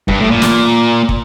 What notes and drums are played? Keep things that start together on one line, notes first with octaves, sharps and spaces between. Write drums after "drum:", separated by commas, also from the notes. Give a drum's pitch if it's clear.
G2, drum: kick
A2
A#2
drum: snare
drum: kick